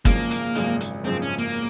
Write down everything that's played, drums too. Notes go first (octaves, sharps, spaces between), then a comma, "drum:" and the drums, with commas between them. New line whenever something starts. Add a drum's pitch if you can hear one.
G#1 F#2 C#3 F3 G#3 A#3, drum: kick, hi-hat
drum: hi-hat
G#1 F#2 C#3 F3 G#3, drum: hi-hat
drum: hi-hat
G#1 F#2 C#3 F3 G#3 C4
C#4
A#3